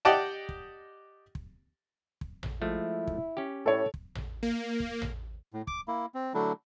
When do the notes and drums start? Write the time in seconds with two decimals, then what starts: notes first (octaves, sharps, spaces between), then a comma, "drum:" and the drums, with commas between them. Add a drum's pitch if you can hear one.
0.05 G4 D5 D#5 F#5 G5 A5
0.49 drum: kick
1.35 drum: kick
2.21 drum: kick
2.43 drum: tom A1
2.62 F3 G#3 A3 E4
3.08 drum: kick
3.37 C#4 G4
3.66 A2 A4 C#5
3.94 drum: kick
4.15 drum: tom A1
4.43 A#3
4.80 drum: kick
5.02 drum: tom A1
5.53 A2
5.67 D6, drum: kick
5.88 A#3 E4
6.14 C4
6.34 D3 F#3 A3 D4 E4